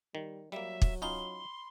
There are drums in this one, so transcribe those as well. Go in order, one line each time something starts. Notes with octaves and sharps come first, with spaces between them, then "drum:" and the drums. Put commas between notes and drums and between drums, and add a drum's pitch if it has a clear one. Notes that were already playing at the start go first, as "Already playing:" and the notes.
D#3 G3
F#3 G3 A#3 E5
drum: kick
C#4 D#4 F4 B5 C6 G7